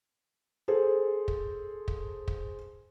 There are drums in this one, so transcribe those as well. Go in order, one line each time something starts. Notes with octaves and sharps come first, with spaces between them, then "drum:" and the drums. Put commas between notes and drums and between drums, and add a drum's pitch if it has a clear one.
G#4 A4 C5
drum: kick
drum: kick
drum: kick